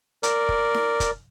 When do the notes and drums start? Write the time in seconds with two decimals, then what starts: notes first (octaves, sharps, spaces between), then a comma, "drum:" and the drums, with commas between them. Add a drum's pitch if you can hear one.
0.23 A#4 D5, drum: hi-hat
0.49 drum: kick
0.74 drum: snare D#4
1.00 drum: kick, hi-hat